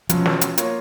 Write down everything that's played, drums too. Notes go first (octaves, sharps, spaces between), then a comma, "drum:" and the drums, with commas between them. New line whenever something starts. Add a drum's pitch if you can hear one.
B2 F3 F#3 C#4 F4, drum: hi-hat
drum: snare
drum: hi-hat
A#3 F4 A#4 C#5, drum: hi-hat